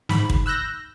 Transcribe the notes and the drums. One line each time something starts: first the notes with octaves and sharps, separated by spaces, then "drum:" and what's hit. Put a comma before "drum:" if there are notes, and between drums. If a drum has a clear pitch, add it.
G#2 B5, drum: snare
drum: kick
E6 F#6 G6 A#6